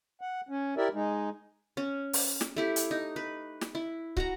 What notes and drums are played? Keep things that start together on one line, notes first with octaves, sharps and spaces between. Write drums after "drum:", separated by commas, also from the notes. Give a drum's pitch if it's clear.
F#5
C#4
E4 G4 A#4 D5 E5
G#3 D#4
C#4
drum: open hi-hat
drum: snare
A3 E4 G4
drum: hi-hat
D#4
B4
drum: snare
E4
F#4 F#5 A#5, drum: kick